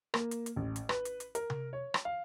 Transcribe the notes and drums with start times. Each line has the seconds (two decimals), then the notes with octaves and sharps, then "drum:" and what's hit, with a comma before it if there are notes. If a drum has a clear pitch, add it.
0.14 A#3, drum: rim click
0.31 drum: hi-hat
0.46 drum: hi-hat
0.56 A1
0.76 drum: hi-hat
0.89 B4, drum: rim click
1.05 drum: hi-hat
1.20 drum: hi-hat
1.35 A#4, drum: hi-hat
1.50 drum: tom C3
1.73 C#5
1.94 drum: rim click
2.05 F5